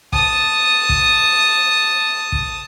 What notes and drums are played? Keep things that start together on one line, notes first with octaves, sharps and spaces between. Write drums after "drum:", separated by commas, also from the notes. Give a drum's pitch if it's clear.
A5 D#6, drum: kick
drum: kick
drum: kick